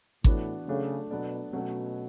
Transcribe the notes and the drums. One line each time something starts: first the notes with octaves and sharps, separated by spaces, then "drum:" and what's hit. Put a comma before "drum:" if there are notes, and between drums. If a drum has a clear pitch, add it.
A2 E3 B3 D4 F#4, drum: kick G#1
C#3 F#3 A3 D4 A4
B2 F#3 B3 D4 A4 D5
B2 F#3 A3 C#4